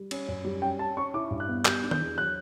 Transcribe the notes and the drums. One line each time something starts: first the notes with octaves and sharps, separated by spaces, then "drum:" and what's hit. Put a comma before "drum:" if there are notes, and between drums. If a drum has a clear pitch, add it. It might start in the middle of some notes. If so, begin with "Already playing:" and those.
Already playing: G3
C#4, drum: cymbal
F#2
G3
C#4 G5
C#4 A5
C#4 C#6
E4 D6
G2
F#6
B3
G3 G6, drum: clap
D4
G6, drum: tom D#3
E2
F#3 F#6